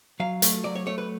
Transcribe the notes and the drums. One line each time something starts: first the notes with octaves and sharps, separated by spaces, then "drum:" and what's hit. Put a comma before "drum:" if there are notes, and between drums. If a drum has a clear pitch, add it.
F#3 F5
A3, drum: hi-hat
F#3 D5
C#5
A3 C#5
B4